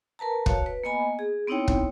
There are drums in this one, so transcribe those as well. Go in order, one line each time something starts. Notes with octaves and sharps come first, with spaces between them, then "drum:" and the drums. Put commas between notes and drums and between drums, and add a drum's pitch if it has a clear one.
A#4 B4 A5 A#5
F#4 C#5 F5 A5, drum: kick
B4
A#3 B3 D#5 G#5 B5
G#4
B3 C4 D#4 E4 C#5 G5
drum: kick